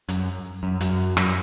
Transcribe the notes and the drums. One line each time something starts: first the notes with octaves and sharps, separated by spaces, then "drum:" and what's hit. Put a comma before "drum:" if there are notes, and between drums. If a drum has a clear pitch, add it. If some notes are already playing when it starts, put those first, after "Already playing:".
F#2, drum: hi-hat
F#2
F#2, drum: hi-hat
F#2, drum: rim click